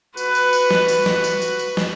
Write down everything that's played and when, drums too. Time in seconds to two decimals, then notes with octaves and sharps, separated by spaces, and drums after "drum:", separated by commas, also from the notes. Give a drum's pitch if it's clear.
0.17 F#4 B4, drum: tambourine
0.35 drum: tambourine
0.53 drum: tambourine
0.71 drum: snare
0.88 drum: tambourine
1.06 drum: snare
1.24 drum: tambourine
1.42 drum: tambourine
1.59 drum: tambourine
1.77 drum: snare